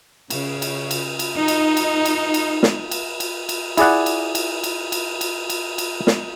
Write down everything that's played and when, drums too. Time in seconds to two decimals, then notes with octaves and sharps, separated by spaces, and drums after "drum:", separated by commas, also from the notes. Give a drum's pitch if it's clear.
0.30 C#3, drum: cymbal
0.62 drum: cymbal
0.91 drum: cymbal
1.19 drum: cymbal
1.38 D#4
1.48 drum: cymbal
1.77 drum: cymbal
2.05 drum: cymbal
2.34 drum: cymbal
2.63 drum: snare
2.91 drum: cymbal
3.20 drum: cymbal
3.49 drum: cymbal
3.77 E4 G#4 D5 F#5, drum: cymbal
4.06 drum: cymbal
4.35 drum: cymbal
4.64 drum: cymbal
4.92 drum: cymbal
5.21 drum: cymbal
5.50 drum: cymbal
5.78 drum: cymbal
6.07 drum: snare